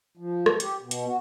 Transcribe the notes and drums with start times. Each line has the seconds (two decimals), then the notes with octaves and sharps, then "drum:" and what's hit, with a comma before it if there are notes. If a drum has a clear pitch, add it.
0.17 F3
0.46 drum: rim click
0.60 G4, drum: hi-hat
0.81 B2
0.91 drum: hi-hat
1.06 F#4